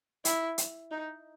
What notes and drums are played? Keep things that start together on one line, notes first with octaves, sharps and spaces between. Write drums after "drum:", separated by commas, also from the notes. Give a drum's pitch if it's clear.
E4, drum: hi-hat
drum: hi-hat
D#4